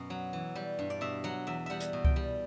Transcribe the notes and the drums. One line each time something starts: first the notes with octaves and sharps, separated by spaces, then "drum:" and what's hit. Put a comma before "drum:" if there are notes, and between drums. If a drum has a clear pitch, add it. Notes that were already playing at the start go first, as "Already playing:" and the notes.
Already playing: F#2 B2
F#3
E3
G3
G2
D5
B2 E5
F#3 F#5
E2 E5
G3 E5 F#5
drum: hi-hat
B2
G5, drum: kick C#2
G3